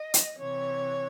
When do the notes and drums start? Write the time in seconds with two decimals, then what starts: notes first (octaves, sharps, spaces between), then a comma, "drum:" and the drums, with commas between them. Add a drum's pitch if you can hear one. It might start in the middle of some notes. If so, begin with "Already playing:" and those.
Already playing: D#5
0.14 drum: hi-hat
0.37 C3 E3 C#5